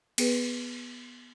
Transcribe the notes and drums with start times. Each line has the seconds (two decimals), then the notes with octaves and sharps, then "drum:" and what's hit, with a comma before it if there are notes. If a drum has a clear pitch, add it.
0.18 B3 G#4 B4, drum: cymbal